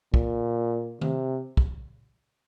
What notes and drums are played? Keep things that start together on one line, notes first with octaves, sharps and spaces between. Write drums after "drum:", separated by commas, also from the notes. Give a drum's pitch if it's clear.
A#2, drum: kick
C3, drum: tom D#3
drum: kick